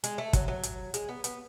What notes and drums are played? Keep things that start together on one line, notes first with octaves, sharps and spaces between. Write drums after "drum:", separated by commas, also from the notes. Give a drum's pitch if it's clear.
G#3, drum: hi-hat
A3
F#3, drum: kick, hi-hat
F#3
drum: hi-hat
G#3, drum: hi-hat
B3
B3, drum: hi-hat